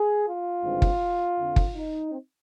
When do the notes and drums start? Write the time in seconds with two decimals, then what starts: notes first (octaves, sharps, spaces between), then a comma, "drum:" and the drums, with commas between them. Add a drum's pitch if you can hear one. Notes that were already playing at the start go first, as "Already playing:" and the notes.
Already playing: G#4
0.26 F4
0.63 G#1 G2 D3 G#3 C4
0.82 drum: kick
1.38 F2 D3 F3
1.56 drum: kick
1.75 D#4
2.12 C4